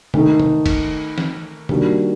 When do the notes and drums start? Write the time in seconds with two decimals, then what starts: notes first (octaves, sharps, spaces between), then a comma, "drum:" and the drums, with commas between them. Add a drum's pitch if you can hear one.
0.14 D#3 A3 D#4 A4, drum: tom
0.40 drum: tom
0.66 drum: kick, cymbal
1.18 drum: snare
1.69 D#3 G3 A#3 D4 F#4, drum: tom